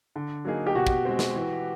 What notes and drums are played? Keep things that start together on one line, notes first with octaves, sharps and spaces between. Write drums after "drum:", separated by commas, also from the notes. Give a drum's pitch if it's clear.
D3
F#3 A#3 D#4 G#4
G4
B2 F#4
drum: kick
G#3 C4
drum: snare
E3